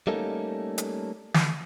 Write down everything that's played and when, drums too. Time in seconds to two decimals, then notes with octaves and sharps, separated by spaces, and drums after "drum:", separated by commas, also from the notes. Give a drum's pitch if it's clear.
0.07 G3 A3 A#3 C#4 D#4 A4
0.78 drum: hi-hat
1.34 drum: snare